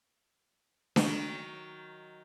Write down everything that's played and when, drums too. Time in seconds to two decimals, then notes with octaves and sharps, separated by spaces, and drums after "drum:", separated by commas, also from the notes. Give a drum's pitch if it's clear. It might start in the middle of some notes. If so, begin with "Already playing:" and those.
0.96 D#3 F#3 F#4, drum: snare D4